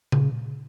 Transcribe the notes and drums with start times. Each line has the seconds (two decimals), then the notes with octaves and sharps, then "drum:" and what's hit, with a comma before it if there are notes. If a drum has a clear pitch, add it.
0.12 C#3, drum: tom A#2